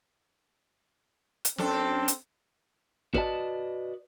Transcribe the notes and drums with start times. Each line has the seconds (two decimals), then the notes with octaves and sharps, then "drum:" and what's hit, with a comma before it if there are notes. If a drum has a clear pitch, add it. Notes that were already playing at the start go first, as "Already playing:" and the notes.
1.45 drum: hi-hat
1.58 F#2 C4 D4 A4, drum: snare
2.08 drum: hi-hat
3.14 F#4 B4 D5 D#5 A5, drum: kick